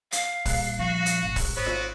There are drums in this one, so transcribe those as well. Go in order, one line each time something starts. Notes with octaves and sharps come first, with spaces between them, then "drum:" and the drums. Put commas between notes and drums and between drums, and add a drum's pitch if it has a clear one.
F5, drum: hi-hat
A#2 G3 F#6, drum: kick, open hi-hat
F3 F#4
drum: hi-hat
G#1 C#4
drum: kick, open hi-hat
G#1 B3 C4 F#4 C5 C#5 B5
drum: snare F4